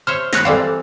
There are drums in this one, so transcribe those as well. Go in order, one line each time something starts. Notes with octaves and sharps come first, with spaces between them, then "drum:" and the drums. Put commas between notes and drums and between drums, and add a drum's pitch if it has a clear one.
C5 C#5 E5 F6
B4 C#5 F#6 A#6, drum: snare
E3 G3 C4 A4 D5 F5